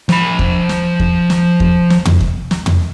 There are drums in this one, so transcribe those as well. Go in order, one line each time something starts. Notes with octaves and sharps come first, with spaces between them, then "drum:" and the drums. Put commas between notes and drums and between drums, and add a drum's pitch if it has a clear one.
F3 B5, drum: snare
drum: kick E2
drum: snare
drum: kick E2
drum: snare
drum: kick E2
drum: snare
drum: tom
drum: kick E2
drum: snare
drum: tom